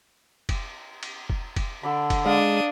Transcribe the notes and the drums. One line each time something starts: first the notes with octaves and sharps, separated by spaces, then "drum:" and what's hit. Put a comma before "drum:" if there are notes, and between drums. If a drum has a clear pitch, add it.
drum: kick F1, cymbal
drum: cymbal
drum: kick F1
drum: kick F1, cymbal
D3 A4 D5 B5
drum: kick F1, cymbal
G#3 D4 F5 D#6